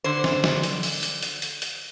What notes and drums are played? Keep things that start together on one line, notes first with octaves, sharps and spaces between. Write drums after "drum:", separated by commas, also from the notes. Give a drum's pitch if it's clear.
D3 C5
drum: snare
drum: snare
drum: hi-hat
drum: open hi-hat
drum: hi-hat
drum: hi-hat
drum: hi-hat
drum: hi-hat